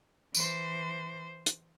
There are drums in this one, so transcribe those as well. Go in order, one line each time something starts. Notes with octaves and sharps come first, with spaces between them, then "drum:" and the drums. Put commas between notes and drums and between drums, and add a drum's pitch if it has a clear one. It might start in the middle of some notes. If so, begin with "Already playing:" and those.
E3 C5, drum: tambourine
drum: hi-hat